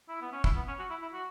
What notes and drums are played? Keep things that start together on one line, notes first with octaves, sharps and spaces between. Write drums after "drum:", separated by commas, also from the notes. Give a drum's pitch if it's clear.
E4
B3
C#4
E4, drum: kick
B3
C#4
F#4
E4
E4
F#4